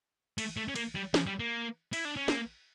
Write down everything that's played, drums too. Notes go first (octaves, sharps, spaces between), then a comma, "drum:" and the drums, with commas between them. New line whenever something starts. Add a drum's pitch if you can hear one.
A3, drum: cymbal
A3
C#4
A#3, drum: cymbal
G3
F3, drum: snare
G3
A#3
E4, drum: cymbal
D4
C#4
A#3, drum: snare